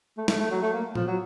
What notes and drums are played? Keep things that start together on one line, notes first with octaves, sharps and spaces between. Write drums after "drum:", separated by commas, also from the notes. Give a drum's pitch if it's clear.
A3
A3, drum: snare
A3
F#3
A3
A#3
F3, drum: tom A2
F#3